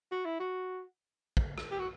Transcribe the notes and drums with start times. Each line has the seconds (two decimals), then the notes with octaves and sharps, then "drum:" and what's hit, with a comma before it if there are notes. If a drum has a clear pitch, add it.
0.11 F#4
0.25 E4
0.40 F#4
1.37 drum: kick
1.58 drum: rim click
1.71 G4
1.79 F#4